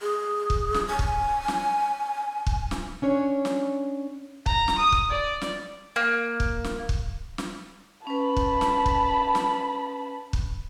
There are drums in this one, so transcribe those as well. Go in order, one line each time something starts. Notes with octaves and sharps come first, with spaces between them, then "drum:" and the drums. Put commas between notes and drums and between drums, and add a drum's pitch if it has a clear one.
G#4
drum: kick
drum: snare
G#5
drum: kick
drum: snare
drum: kick
drum: snare
C#4 D4 C#5
drum: snare
A#5, drum: kick
drum: snare
D#6
drum: kick
D5
drum: snare
A#3
drum: kick
drum: snare
drum: kick
drum: snare
C#4 B4 A5 B5
drum: kick
drum: snare
drum: kick
drum: snare
drum: kick